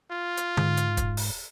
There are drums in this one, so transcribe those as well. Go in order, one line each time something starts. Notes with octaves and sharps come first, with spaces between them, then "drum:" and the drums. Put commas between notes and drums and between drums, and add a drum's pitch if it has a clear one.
F4
drum: hi-hat
G#2, drum: tom D3
drum: hi-hat
drum: kick, hi-hat
drum: open hi-hat